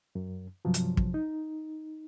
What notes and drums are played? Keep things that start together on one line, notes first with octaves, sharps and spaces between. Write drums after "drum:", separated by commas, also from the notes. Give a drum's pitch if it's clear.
F#2
G2 C3 F3 F#3
drum: hi-hat
drum: kick
D#4